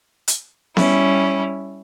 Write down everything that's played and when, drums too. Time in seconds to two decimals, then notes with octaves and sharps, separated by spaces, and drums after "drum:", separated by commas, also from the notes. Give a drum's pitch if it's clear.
0.28 drum: hi-hat
0.77 G3 C#4 E4, drum: snare B3